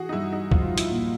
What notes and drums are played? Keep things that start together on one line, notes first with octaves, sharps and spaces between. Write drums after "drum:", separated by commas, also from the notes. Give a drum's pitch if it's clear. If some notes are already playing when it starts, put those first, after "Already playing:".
Already playing: E3 F#4 G#4
D#4
G2 E4
D#4
F3 F4, drum: kick
E4, drum: hi-hat
A#2